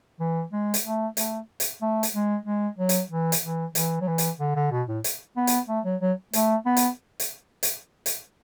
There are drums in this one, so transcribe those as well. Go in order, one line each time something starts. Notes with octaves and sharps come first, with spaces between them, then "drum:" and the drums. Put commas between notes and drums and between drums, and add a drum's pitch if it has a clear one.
E3
G#3
drum: hi-hat
A3
A3, drum: hi-hat
drum: hi-hat
A3
drum: hi-hat
G#3
G#3
F#3
drum: hi-hat
E3
drum: hi-hat
E3
E3, drum: hi-hat
F#3
E3
drum: hi-hat
D3
D3
B2
A2
drum: hi-hat
B3
drum: hi-hat
A3
F#3
F#3
A3, drum: hi-hat
B3
drum: hi-hat
drum: hi-hat
drum: hi-hat
drum: hi-hat